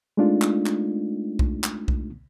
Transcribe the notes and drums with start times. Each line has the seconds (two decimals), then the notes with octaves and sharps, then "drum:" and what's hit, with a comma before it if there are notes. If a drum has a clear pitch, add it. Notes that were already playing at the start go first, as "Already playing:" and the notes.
0.17 G#3 A3 C4 D4 D#4 F4
0.42 drum: clap
0.66 drum: clap
1.39 drum: kick B1
1.64 drum: clap
1.88 drum: kick B1